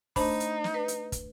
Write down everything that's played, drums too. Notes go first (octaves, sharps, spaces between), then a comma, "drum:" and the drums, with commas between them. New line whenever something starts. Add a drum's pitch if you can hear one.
A3 D4 D#4 C5 B5, drum: kick, open hi-hat
drum: hi-hat
drum: snare
B4
drum: hi-hat
drum: kick, hi-hat